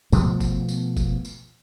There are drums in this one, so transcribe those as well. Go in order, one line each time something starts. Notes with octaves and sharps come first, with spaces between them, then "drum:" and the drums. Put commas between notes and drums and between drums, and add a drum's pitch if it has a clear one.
B2 F3 A3 B3, drum: tambourine
drum: kick F#1, tambourine
drum: tambourine
drum: kick F#1, tambourine
drum: tambourine